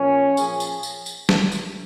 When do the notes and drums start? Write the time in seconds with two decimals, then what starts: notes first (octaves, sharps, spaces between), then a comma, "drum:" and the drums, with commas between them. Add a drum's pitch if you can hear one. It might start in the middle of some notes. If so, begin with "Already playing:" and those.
Already playing: A#2 F3 C#4
0.37 A#2 F3 G#4, drum: tambourine
0.60 drum: tambourine
0.83 drum: tambourine
1.06 drum: tambourine
1.29 drum: snare
1.52 drum: tambourine